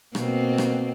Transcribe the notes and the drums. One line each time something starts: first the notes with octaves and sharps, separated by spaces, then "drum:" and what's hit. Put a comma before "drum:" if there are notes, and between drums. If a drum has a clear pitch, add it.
B2 A#3 C4, drum: rim click
drum: rim click